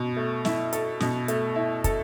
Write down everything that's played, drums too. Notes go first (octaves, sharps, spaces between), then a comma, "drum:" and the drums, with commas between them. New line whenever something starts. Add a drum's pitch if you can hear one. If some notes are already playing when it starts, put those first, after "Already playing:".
Already playing: B2
A3
E4, drum: snare
A4, drum: hi-hat
B2, drum: snare
A3, drum: hi-hat
E4
A4, drum: kick, hi-hat